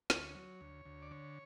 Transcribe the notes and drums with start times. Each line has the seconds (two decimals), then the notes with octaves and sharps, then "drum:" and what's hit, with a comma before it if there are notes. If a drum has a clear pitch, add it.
0.10 D2 C#5, drum: snare
0.35 F#3
0.61 D2
0.85 D2
1.02 D5
1.11 D3 C#5